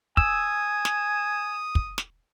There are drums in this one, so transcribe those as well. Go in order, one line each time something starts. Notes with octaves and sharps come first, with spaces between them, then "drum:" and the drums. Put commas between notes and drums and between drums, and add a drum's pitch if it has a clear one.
G#5 D#6 E6, drum: kick
drum: snare
drum: kick
drum: snare